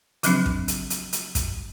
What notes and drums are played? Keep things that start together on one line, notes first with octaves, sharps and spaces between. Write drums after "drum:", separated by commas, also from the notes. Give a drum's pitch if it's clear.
C#3 F3 F#3 C4 D4, drum: hi-hat
drum: kick
drum: hi-hat
drum: hi-hat
drum: hi-hat
drum: kick, hi-hat